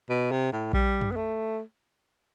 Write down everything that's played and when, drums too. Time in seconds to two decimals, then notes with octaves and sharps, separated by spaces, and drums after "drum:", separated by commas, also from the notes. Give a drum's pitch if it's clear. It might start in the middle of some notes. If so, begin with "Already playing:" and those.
0.09 B2
0.31 C3
0.52 A2
0.73 G3, drum: kick A#1
1.01 drum: tom
1.12 B3
1.16 A3